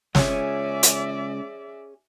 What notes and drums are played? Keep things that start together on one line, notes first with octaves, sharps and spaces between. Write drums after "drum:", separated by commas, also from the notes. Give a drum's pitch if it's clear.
C#2 C#4 G#4 D5 E5, drum: snare
drum: hi-hat